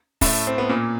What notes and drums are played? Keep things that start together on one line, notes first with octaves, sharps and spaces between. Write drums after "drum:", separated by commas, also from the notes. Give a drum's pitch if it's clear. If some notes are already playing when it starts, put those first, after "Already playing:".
A2 A3, drum: kick, open hi-hat
C4
B3
A#2 A#3